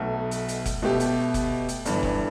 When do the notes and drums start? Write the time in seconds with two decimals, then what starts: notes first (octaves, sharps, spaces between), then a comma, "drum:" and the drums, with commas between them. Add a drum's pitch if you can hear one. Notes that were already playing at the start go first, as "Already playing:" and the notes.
Already playing: B1 B2 A3
0.31 drum: hi-hat
0.48 drum: hi-hat
0.66 drum: kick F1, hi-hat
0.82 B2 A3 G4
1.00 drum: hi-hat
1.34 drum: kick F1, hi-hat
1.69 drum: hi-hat
1.85 G1 G2 E3, drum: hi-hat
2.03 drum: kick F1